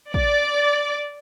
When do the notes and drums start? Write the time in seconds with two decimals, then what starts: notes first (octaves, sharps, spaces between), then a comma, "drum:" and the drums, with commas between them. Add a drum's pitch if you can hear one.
0.14 D5, drum: kick